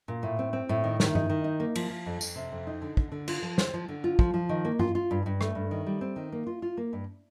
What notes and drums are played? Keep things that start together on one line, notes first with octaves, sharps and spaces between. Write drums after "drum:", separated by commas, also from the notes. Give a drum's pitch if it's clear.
A#2
A2
C4
C4
A2
D#3
D#3, drum: snare
D#4, drum: tom G2
D#3
D#4
A#3
F3, drum: cymbal
F3
F2
F2, drum: tambourine
C3
F2
D#4
D3
D3, drum: kick
D3
F4, drum: cymbal
F3
C5, drum: snare
F3
D3
F4
F3, drum: kick
F3
D#3
A#3
F4, drum: tom G2
F4
G2
G2
A3, drum: rim click
G2
D#3
G3
C4
D#3
A#3
F4
F4
A#3
G2